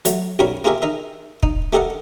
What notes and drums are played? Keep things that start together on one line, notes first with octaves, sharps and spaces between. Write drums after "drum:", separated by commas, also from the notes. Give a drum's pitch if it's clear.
F#3 A3, drum: hi-hat
B1 F#2 G3 A#4 C#5 B5
A#3 F4 G4 G#4 A#4 E5
D#4 A#4 E5
D#4, drum: kick
A3 G4 A4 A#4 D#5 F#5